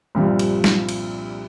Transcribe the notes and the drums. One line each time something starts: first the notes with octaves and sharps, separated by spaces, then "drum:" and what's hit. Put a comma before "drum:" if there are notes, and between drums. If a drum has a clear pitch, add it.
C2 G2 A#2 F3 G3
drum: cymbal
drum: snare
drum: cymbal